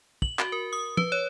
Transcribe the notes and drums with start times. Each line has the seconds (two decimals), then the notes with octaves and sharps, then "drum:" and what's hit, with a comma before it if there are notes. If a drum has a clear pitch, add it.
0.22 F#7, drum: kick
0.39 F#4, drum: clap
0.52 A#4
0.73 D#6
0.97 B4, drum: tom
1.12 C#5